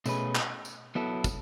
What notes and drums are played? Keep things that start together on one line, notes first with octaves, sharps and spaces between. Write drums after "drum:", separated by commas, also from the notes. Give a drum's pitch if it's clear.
B2 A3 C#4 G#4 B4, drum: tambourine
drum: clap
drum: tambourine
F#3 B3 E4 A4
drum: kick, tambourine